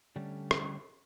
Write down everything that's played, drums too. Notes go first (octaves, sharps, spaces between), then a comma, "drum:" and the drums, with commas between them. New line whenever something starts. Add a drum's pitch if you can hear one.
D3 G3 A3 C#4
drum: rim click